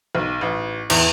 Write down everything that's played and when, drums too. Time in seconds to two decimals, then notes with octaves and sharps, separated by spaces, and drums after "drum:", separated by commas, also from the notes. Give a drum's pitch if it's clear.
0.15 B1
0.41 A1
0.90 E2, drum: cymbal